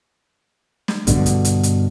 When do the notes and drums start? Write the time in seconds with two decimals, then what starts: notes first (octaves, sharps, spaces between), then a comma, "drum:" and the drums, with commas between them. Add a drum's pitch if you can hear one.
0.88 drum: snare
1.07 G2 B2 D3, drum: kick, hi-hat
1.26 drum: hi-hat
1.45 drum: hi-hat
1.63 drum: hi-hat